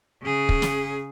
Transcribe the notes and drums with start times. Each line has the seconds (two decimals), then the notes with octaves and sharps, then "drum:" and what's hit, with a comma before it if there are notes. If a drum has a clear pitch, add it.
0.22 C#3 G#4
0.49 drum: kick
0.62 drum: snare